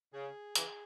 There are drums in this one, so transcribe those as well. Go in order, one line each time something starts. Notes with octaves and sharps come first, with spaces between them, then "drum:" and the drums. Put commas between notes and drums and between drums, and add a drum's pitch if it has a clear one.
C#3 G#4
C#3 E3 G#4, drum: hi-hat